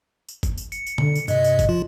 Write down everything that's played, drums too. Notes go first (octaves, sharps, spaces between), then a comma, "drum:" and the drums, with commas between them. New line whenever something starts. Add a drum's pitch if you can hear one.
drum: tambourine
drum: kick G1, tambourine
drum: tambourine
C#7, drum: tambourine
drum: tambourine
D3, drum: tom
drum: tambourine
G2 C3 D#5, drum: tambourine
drum: tambourine
drum: kick G1, tambourine
F3 F4